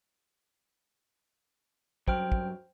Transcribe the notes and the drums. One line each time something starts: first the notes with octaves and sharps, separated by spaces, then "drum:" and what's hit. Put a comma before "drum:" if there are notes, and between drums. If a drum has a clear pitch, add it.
G2 F#3 C5 G5 F6, drum: kick
drum: kick